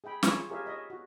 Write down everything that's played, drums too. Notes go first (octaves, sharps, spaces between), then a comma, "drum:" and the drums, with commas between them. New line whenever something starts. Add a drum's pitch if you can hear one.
G#4 E5 G5 B5
F4 G#4 C#5 C#6 E6, drum: snare
G4 G#4 A#4 C#5 E5 F5
C#5 D#5 E5
F#4